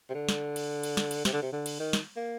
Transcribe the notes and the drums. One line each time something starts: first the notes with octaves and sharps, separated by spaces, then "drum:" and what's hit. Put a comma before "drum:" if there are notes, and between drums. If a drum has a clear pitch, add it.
C3
D3
drum: snare
drum: cymbal
drum: cymbal
drum: snare
drum: cymbal
C3, drum: snare
D3
C3
D3
drum: cymbal
D#3
drum: snare
A#3